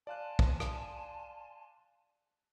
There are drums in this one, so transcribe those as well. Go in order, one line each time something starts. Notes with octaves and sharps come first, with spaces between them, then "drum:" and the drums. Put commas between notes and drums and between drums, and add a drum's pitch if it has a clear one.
D5 F5 G#5 A5 C6 F#6
drum: kick
drum: rim click